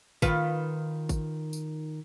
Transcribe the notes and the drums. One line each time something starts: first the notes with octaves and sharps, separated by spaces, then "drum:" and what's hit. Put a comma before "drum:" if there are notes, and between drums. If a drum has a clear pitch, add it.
D#3 F4 B4, drum: kick G#1, tambourine
drum: kick G#1, tambourine
drum: tambourine